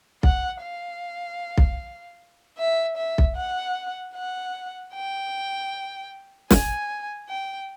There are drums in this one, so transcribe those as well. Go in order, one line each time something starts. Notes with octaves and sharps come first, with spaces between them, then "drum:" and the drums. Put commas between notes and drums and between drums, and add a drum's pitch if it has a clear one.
F#5, drum: kick B1
F5
drum: kick B1
E5
E5
drum: kick B1
F#5
F#5
G5
G#5, drum: snare
G5